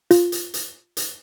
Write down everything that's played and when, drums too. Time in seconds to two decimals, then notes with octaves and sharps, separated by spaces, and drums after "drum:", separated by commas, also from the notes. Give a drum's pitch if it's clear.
0.11 F4, drum: hi-hat
0.32 drum: hi-hat
0.54 drum: hi-hat
0.97 drum: hi-hat